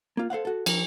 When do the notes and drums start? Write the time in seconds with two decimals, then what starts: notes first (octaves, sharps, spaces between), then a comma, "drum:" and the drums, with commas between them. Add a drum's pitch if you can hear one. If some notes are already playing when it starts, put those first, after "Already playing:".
0.17 A#3 F4
0.30 A4 C5 F5 F#5
0.45 F#4 A4
0.66 F3 A#4, drum: cymbal